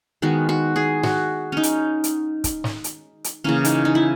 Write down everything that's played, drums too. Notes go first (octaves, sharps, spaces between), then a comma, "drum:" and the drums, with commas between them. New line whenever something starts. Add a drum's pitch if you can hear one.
D#3 G#3 B3 F#4
F#4
G#4
F#4, drum: snare
C#4 D#4
drum: hi-hat
drum: hi-hat
drum: kick, hi-hat
drum: snare
drum: hi-hat
drum: hi-hat
C#3 E3 A#3 C#4
D#4, drum: hi-hat
D#4
E4